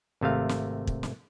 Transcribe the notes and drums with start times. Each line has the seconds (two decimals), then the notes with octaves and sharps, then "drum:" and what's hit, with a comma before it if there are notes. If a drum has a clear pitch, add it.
0.21 G#1 C3 A3 F5
0.49 drum: snare
0.87 drum: kick
1.03 drum: snare